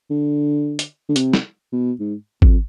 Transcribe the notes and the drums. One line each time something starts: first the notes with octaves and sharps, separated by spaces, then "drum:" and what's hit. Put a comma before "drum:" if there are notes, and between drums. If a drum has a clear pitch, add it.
D3
drum: hi-hat
D3
C3, drum: hi-hat
drum: snare
B2
G#2
F2, drum: kick G#1